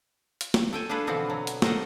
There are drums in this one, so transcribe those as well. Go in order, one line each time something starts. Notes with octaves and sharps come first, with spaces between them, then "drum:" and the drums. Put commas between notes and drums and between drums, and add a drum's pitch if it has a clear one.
drum: hi-hat
drum: snare
A4 G5 G#5
D4 F4 G#4 A4 B4 D5
B2 D3 E3 F3 B3 C4
F#3
drum: hi-hat
A4 A#4 C5 D#5 F#5, drum: snare